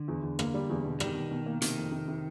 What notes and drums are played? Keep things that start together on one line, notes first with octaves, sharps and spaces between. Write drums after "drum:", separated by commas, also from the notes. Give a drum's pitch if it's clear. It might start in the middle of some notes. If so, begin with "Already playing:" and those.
Already playing: D3
E2
E2
A#3, drum: rim click
G3
E2
B2
D#3 G3, drum: rim click
B2
B2
A#3
C3 D#3, drum: hi-hat
F2
C3
C3